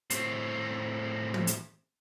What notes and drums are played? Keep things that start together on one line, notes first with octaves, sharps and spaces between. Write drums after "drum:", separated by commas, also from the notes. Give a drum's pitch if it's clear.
A2 C4, drum: hi-hat
drum: tom
drum: hi-hat